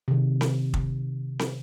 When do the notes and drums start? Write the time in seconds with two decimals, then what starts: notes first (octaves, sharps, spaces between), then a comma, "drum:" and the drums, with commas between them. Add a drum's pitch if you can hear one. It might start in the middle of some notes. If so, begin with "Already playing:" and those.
0.08 C3 D#3
0.41 drum: snare C4
0.74 drum: kick
1.39 drum: snare C4